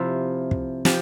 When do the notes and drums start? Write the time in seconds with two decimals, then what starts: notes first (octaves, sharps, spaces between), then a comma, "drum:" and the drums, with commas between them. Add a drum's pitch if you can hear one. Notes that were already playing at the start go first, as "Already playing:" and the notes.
Already playing: C3 F3 E4
0.51 drum: kick
0.85 F3 G4, drum: snare